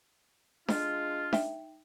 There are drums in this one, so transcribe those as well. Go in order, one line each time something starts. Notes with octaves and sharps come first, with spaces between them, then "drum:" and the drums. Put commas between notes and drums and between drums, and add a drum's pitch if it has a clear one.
G#3 D4 F4, drum: snare D4
D#4 E5 G5, drum: snare D4